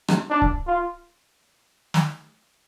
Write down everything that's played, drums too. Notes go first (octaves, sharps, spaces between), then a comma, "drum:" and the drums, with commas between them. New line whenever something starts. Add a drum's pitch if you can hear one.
drum: rim click
D4
drum: kick C#1
F4
drum: snare